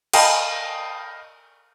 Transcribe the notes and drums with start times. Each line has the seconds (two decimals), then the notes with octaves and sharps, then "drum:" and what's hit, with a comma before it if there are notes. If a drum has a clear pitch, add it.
0.13 D#5 F5 G5 A5 B5, drum: cymbal